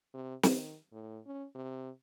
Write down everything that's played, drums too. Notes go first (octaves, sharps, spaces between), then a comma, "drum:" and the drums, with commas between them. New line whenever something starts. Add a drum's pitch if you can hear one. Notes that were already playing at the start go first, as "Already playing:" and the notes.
C3
D#3, drum: snare
A2
C#4
C3